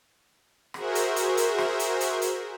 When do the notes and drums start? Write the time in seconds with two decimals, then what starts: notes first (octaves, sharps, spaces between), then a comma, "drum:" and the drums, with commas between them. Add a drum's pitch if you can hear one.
0.74 F#4 G#4 A#4 C5 E5, drum: rim click
0.95 drum: hi-hat
1.16 drum: hi-hat
1.37 drum: hi-hat
1.58 drum: rim click
1.79 drum: hi-hat
2.01 drum: hi-hat
2.22 drum: hi-hat